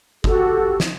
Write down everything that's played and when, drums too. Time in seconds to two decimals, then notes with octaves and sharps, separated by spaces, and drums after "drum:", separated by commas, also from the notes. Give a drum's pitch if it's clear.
0.24 F#4 G4 A4, drum: kick F#1
0.80 drum: snare